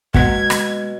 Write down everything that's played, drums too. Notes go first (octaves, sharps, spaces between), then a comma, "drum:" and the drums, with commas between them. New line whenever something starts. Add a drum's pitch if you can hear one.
B2 F#3 G#3 A#3 B3 F#5 G#6 B6, drum: kick
drum: rim click